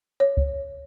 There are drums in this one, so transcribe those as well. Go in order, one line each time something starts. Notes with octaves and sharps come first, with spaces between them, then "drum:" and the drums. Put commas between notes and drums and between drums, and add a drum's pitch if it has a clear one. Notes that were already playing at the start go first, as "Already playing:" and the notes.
C#5
drum: kick C#2